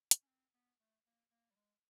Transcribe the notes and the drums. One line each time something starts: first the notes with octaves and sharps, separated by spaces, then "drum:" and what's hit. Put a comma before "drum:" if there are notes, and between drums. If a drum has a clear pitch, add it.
drum: hi-hat
C#4
C4
B3
A3
A#3
A#3
G3
G#3